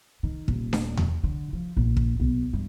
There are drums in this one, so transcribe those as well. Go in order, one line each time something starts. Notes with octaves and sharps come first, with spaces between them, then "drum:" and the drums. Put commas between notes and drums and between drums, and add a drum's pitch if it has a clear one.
D#3
D#1, drum: kick
drum: snare D4
drum: tom E2
D3
F3
A#1
drum: kick
B1
G2